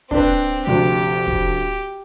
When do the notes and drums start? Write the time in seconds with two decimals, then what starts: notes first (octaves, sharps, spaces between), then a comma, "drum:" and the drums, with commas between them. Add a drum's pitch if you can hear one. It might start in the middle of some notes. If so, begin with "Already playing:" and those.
0.11 C4 D4 B4, drum: kick
0.67 F1 D2 G4
1.27 drum: kick